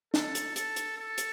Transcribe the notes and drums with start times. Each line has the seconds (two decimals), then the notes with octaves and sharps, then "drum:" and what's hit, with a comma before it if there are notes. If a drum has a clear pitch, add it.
0.14 A4, drum: snare
0.35 drum: hi-hat
0.56 A4, drum: hi-hat
0.76 drum: hi-hat
0.97 A4
1.18 drum: hi-hat